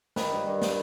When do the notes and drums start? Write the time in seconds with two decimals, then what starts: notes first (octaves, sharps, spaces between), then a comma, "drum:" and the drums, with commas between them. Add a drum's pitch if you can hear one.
0.16 D#3 B4, drum: snare
0.31 G2
0.47 G2
0.62 drum: snare